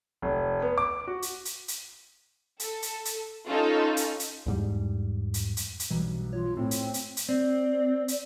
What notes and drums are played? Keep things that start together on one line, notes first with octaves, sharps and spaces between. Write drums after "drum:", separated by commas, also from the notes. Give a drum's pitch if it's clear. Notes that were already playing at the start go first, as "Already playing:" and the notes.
F1
B3
D6
F#4
drum: hi-hat
drum: hi-hat
drum: hi-hat
A4, drum: hi-hat
drum: hi-hat
drum: hi-hat
C#4 D#4 F4 A4
drum: hi-hat
drum: hi-hat
E2 G#2 G3
drum: hi-hat
drum: hi-hat
drum: hi-hat
B1 G2 E3
F4 C#5
A2 C4
drum: hi-hat
drum: hi-hat
drum: hi-hat
C4 D5
drum: hi-hat